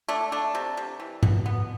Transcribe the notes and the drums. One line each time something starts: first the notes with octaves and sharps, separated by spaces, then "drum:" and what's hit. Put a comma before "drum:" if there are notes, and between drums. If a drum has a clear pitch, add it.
A3 D4
A3 D4
C3
C3
E3
B2, drum: tom G#2
B3